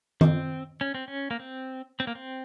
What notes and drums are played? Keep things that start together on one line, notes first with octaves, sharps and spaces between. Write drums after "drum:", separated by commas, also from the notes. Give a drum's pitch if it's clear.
C4, drum: tom D#3
C#4
C4
C#4
A#3
C4
C4
A#3
C4